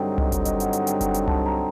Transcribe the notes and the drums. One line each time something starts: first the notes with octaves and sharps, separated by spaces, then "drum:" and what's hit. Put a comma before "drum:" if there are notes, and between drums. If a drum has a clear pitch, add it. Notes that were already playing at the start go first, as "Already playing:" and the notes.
Already playing: G2 D3 F#3 C4 D#4 G5
D#5, drum: tom C2
drum: kick F#1, hi-hat
D#5, drum: hi-hat
F#5, drum: hi-hat
F#5, drum: hi-hat
G5, drum: hi-hat
G5, drum: kick F#1, hi-hat
G5, drum: hi-hat
A5, drum: tom C2
A#5